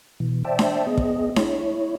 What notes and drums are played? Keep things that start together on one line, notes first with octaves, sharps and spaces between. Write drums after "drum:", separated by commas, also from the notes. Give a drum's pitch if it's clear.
B2 E3
C5 D5 E5 G5 A5
drum: snare D4
B3 G#4 D#5
drum: kick
E4 C#5, drum: snare D4